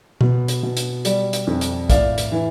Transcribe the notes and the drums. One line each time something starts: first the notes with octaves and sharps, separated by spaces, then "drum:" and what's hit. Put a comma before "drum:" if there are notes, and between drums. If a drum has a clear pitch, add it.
B2, drum: tom
drum: hi-hat
B2
drum: hi-hat
G3, drum: hi-hat
drum: hi-hat
F2
drum: hi-hat
A2 D5 F5, drum: kick, hi-hat
drum: hi-hat
E3